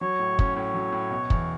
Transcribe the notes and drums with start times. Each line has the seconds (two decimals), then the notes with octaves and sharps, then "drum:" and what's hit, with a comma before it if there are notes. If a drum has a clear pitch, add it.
0.01 F#3 C#5
0.19 A2
0.39 C#4, drum: kick
0.56 A2 C#5
0.74 F#3
0.92 A2
1.11 B2
1.30 E2, drum: kick